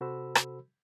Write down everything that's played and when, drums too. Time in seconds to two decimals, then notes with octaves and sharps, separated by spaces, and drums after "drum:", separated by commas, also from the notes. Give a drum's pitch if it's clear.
0.01 C3 F#4 A4 C5 B5 E6
0.35 drum: rim click